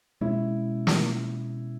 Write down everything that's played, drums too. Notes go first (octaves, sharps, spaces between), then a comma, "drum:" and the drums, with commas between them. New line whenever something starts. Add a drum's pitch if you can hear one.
B2 G#3 C#4 E4
drum: snare